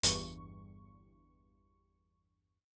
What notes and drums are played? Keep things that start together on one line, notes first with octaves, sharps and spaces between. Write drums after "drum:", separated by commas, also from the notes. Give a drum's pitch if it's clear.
G1 E2 G2 C#6, drum: hi-hat